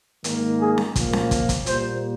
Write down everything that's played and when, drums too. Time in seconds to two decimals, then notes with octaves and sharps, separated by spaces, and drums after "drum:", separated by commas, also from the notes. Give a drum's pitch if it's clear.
0.24 G#2 D#3 A#3, drum: hi-hat
0.60 G#4
0.78 drum: snare C#4
0.96 A#2 F3 A#3, drum: kick, hi-hat
1.13 drum: snare C#4
1.31 drum: kick, hi-hat
1.49 drum: kick, hi-hat
1.66 A#2 G3 A#3 C5, drum: hi-hat